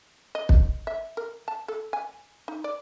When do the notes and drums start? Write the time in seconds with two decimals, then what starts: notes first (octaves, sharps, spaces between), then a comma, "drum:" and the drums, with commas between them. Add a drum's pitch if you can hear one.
0.35 D#5
0.49 drum: kick
0.87 E5
1.17 A#4
1.48 A5
1.68 A4
1.93 G#5
2.48 D#4
2.64 D5